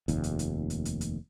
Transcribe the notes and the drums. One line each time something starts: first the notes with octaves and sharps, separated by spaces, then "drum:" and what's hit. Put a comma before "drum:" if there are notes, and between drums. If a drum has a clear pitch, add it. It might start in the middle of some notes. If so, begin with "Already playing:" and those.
F1 D#2, drum: hi-hat
drum: hi-hat
drum: hi-hat
drum: hi-hat
drum: hi-hat
drum: hi-hat